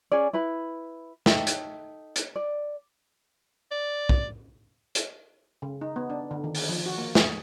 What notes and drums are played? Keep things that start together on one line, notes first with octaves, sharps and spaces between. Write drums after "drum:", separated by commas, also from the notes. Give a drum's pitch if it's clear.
C#4 G#4 D5
E4 B4 B5
D#4 A4 E5 G5, drum: snare
drum: hi-hat
drum: hi-hat
D5
D5
drum: kick
drum: hi-hat
C#3
D#4
B3
D4
D3
D#3
drum: open hi-hat
F3
F#4
A#3
G#4, drum: snare